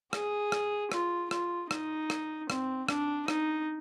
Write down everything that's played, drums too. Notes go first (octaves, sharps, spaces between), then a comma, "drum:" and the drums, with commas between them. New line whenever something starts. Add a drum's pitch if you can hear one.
G#4, drum: rim click
drum: rim click
F4, drum: rim click
F4, drum: rim click
D#4, drum: rim click
drum: rim click
C4, drum: rim click
D4, drum: rim click
D#4, drum: rim click